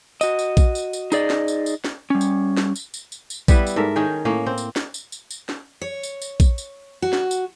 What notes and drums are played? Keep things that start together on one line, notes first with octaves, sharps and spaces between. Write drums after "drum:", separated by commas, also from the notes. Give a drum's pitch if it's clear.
F#4 D#5, drum: tambourine
drum: tambourine
drum: kick A#1, tambourine
drum: tambourine
drum: tambourine
D#4 G#4 D5 D#5, drum: tambourine
drum: snare
drum: tambourine
drum: tambourine
drum: snare
G3 C#4
drum: tambourine
drum: snare
drum: tambourine
drum: tambourine
drum: tambourine
drum: tambourine
G3 B3 E4 B4, drum: kick A#1, tambourine
drum: tambourine
G#2 A4 A#4 E5
D#3 C#4 G#4 G5
A2 A#3 C#4
C4
drum: tambourine
drum: snare
drum: tambourine
drum: tambourine
drum: tambourine
drum: snare
C#5
drum: tambourine
drum: tambourine
drum: kick A#1, tambourine
drum: tambourine
F#4
drum: snare
drum: tambourine